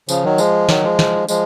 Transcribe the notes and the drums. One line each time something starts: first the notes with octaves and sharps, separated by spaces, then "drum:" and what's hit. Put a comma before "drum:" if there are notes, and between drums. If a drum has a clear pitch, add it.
C#3 F3, drum: tambourine
D#3 F#3
F3 G#3, drum: tambourine
D#3 F#3, drum: snare
F3 G#3
drum: snare
F3 G#3, drum: tambourine